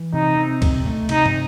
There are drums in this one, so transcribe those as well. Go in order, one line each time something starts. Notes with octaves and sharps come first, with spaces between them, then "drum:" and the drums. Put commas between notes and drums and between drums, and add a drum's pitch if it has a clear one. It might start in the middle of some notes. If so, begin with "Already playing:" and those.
Already playing: E3
C3 D#4
C4
C3, drum: kick, cymbal
A3
C3 D#4, drum: cymbal
drum: tom